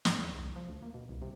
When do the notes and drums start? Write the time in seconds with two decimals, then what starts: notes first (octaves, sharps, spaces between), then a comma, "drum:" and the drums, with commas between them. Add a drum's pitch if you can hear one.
0.05 G#2, drum: snare
0.19 E2
0.32 C2
0.56 F3
0.69 D2
0.82 A#3
0.94 B2
1.09 C2
1.22 C3